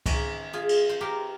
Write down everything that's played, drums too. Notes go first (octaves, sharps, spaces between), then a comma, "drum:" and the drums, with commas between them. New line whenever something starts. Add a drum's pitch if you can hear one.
D#3 A#3 C#4, drum: kick C#2, cymbal
F4 G#4
drum: cymbal
C5
G4 A#4